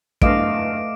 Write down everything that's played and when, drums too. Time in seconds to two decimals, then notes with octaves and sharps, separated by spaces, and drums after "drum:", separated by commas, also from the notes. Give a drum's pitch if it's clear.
0.22 F#1 E2 G2 A3 D#5 F5 D6 D7, drum: kick